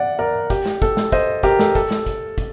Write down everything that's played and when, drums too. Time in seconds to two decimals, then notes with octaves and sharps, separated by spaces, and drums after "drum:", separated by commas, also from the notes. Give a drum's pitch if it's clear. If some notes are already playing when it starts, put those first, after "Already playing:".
Already playing: D5 F#5
0.19 A#4 D5
0.50 G4, drum: kick, hi-hat
0.66 drum: snare
0.82 A4, drum: kick, hi-hat
0.97 drum: snare
1.12 C5 D#5, drum: kick, hi-hat
1.43 G4 A#4, drum: kick, hi-hat
1.59 A4, drum: snare
1.75 A4, drum: kick, hi-hat
1.91 drum: snare
2.06 drum: kick, hi-hat
2.38 drum: kick, hi-hat